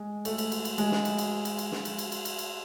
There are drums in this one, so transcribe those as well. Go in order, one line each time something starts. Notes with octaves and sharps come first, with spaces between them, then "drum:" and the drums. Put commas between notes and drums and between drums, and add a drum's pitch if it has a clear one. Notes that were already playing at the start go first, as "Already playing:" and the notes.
Already playing: G#3
A3, drum: cymbal
drum: cymbal
drum: cymbal
drum: cymbal
G#3, drum: cymbal
drum: snare
drum: cymbal
drum: cymbal
drum: cymbal
drum: cymbal
drum: snare
drum: cymbal
drum: cymbal
drum: cymbal
drum: cymbal
drum: cymbal